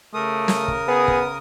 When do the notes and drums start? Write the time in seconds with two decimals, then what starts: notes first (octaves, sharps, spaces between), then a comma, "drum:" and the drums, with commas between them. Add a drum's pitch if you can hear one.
0.14 C#3 A3 A#4 D#6
0.48 drum: snare
0.68 drum: kick
0.88 B3 G#4
1.08 drum: kick